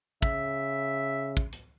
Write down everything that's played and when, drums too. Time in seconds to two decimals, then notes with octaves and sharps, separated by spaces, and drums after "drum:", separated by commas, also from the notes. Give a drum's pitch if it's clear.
0.22 C#3 E5, drum: kick
1.37 drum: kick
1.53 drum: hi-hat